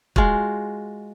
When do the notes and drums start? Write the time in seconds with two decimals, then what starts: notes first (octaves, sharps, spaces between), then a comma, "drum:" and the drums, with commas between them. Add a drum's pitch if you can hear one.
0.16 G#3 F4 F#4, drum: kick